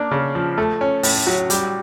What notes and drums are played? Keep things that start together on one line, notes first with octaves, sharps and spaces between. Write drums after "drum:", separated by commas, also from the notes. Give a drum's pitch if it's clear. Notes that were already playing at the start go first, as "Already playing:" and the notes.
Already playing: A#3 D4
C#3
F3
A3
C#4
A2, drum: open hi-hat
F#3
G3, drum: hi-hat